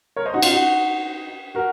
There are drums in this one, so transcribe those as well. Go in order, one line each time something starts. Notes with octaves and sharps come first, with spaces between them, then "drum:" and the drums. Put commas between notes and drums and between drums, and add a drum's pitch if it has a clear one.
A#4 C#5
C5 D#5
D#4 F#4
C#4 F4, drum: cymbal
D#4 F#4
F#4 A#4